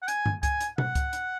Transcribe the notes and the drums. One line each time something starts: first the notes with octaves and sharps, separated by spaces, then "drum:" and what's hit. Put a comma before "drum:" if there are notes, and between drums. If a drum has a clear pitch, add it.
F#5
G#5, drum: hi-hat
drum: tom G2
G#5, drum: kick C#2, hi-hat
drum: hi-hat
F#5, drum: tom B2
drum: kick C#2, hi-hat
drum: hi-hat